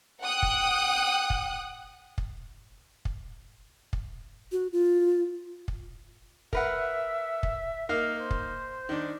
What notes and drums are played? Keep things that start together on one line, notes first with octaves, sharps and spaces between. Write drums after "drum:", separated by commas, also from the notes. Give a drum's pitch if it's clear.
F#5 G5 D#6 F#6
drum: kick
drum: kick
drum: kick
drum: kick
drum: kick
F#4
F4
drum: kick
A#4 B4 E5 F#5, drum: kick
drum: kick
A#3 D#4 A#4 F5
C5
drum: kick
D#3 D4